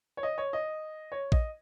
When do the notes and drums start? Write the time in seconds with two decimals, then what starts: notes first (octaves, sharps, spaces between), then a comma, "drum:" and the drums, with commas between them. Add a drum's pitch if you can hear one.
0.17 C#5
0.23 D#5
0.38 C#5
0.53 D#5
1.12 C#5
1.32 D#5, drum: kick A#1